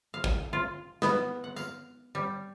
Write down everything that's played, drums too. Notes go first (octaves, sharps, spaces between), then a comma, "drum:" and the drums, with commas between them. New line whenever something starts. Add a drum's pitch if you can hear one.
F5
drum: kick
F4
B3, drum: snare
F#5
F5, drum: tambourine
G3